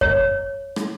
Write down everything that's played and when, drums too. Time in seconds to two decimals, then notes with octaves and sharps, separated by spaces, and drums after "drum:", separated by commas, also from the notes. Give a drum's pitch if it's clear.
0.01 C#5, drum: kick F#2
0.76 drum: rim click